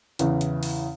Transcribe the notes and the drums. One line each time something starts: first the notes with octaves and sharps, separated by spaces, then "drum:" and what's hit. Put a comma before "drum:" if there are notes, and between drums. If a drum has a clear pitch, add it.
E2 C#3 E3, drum: hi-hat
drum: hi-hat
drum: open hi-hat